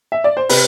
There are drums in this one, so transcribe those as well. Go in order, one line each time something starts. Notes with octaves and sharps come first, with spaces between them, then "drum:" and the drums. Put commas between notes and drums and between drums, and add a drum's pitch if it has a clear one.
E5
D5
C5
C3 B4, drum: open hi-hat